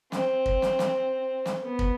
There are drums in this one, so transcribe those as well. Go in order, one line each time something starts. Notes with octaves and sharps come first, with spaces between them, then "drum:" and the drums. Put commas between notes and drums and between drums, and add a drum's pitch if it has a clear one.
C4, drum: snare
drum: kick
drum: snare
drum: snare
drum: snare
B3
drum: kick